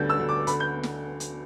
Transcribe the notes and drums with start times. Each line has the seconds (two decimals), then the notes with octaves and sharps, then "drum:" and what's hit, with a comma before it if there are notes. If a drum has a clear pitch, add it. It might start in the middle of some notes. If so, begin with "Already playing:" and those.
Already playing: D2 D3 G3 G6 A6
0.10 E6
0.19 D2
0.29 D6
0.47 D3 B5, drum: hi-hat
0.60 G6
0.83 drum: snare
1.20 drum: hi-hat